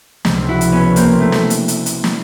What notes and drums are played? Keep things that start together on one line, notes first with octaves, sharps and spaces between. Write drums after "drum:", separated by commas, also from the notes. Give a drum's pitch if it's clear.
C#2 C3 F3, drum: snare
E4 F#4
drum: hi-hat
B3 C#4
A#3 C4, drum: hi-hat
A3
drum: snare
drum: hi-hat
drum: hi-hat
drum: hi-hat
drum: snare